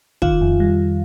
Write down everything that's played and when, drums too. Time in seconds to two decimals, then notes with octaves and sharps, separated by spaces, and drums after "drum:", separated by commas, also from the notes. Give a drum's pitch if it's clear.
0.22 D#3 F4 F5, drum: kick
0.41 F2
0.60 G3